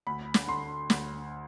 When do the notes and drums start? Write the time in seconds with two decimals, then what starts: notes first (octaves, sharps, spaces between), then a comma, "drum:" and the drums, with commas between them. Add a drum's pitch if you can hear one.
0.07 D2 B5
0.34 drum: snare
0.47 D3 C6
0.90 D2, drum: snare